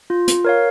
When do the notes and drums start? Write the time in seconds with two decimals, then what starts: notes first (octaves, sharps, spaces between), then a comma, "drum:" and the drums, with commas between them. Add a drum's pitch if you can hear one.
0.10 F4
0.28 drum: hi-hat
0.45 A#4 C#5 F5